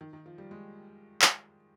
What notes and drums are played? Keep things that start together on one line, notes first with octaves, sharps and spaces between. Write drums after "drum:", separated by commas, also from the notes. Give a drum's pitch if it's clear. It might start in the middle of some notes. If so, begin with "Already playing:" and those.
D#3
D#3
F3
G3
G#3
drum: clap